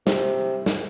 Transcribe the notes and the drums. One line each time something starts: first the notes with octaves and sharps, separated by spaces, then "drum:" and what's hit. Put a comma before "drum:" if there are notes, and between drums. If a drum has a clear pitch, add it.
C3, drum: snare
drum: snare